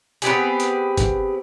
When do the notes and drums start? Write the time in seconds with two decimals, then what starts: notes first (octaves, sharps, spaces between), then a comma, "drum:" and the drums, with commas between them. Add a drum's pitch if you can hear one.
0.22 B3 C4 G4 G#4, drum: hi-hat
0.60 drum: hi-hat
0.97 drum: kick, hi-hat